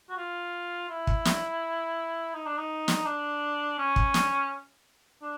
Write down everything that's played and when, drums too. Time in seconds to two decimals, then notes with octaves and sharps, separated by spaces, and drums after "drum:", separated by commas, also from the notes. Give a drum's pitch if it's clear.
0.10 F#4
0.17 F4
0.90 E4
1.07 drum: kick
1.25 drum: snare
2.34 D#4
2.46 D4
2.58 D#4
2.88 drum: snare
3.06 D4
3.78 C#4
3.96 drum: kick
4.14 drum: snare
5.22 D4